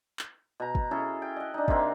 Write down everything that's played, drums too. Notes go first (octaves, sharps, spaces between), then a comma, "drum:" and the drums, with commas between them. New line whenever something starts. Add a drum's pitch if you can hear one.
drum: clap
B2 A#5
drum: kick
C#4 E4 G#4 A4
G5
D#5 F#5
D4 D#4
C3 A#3 C4 A#4, drum: kick